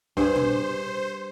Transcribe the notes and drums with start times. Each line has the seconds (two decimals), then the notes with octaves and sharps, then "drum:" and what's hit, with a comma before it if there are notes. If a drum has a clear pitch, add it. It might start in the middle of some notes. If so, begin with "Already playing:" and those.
0.17 G2 G#4 C5, drum: kick
0.35 drum: tom